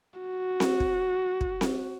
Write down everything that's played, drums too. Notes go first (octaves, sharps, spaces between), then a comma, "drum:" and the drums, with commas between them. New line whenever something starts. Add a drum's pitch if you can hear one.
F#4
drum: snare C4
drum: kick
drum: kick
drum: snare C4